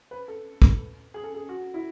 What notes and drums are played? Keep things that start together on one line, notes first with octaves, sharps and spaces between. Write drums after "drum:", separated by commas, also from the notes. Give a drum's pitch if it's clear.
B4
A4
drum: kick
G#4
A4
G#4
F#4
E4